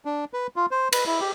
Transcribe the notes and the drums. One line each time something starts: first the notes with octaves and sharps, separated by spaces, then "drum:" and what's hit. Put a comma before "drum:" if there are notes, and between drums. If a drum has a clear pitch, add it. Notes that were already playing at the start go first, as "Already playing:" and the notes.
D4
B4
F4
C5
B4, drum: cymbal
E4
G4